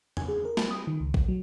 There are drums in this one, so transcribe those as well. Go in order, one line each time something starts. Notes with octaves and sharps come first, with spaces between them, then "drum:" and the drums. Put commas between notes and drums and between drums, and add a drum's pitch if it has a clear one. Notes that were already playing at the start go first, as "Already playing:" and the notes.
G#5, drum: tom E2
G#4
A#4
A5, drum: snare
D#6
D#3
C#2
A#1, drum: kick
F#3